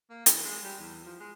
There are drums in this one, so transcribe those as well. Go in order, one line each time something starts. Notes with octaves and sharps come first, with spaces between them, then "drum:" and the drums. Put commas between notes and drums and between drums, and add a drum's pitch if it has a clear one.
A#3
E3, drum: hi-hat
G#3
G3
E2
F3
G#3